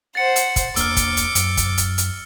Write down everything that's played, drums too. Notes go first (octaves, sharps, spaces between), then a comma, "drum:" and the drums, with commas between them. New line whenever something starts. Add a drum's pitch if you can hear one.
C5 F#5 A6 C#7
drum: hi-hat
drum: kick, hi-hat
E2 A#3 D4 D6 E6 F6, drum: hi-hat
drum: kick, hi-hat
drum: hi-hat
F#2, drum: hi-hat
drum: kick, hi-hat
drum: hi-hat
drum: hi-hat